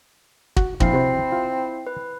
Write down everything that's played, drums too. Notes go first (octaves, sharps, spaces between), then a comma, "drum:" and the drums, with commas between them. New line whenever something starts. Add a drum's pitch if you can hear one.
F#4, drum: kick
A#1 C4 E4 F5 C7, drum: kick
C3 F#4 C5
F4
B4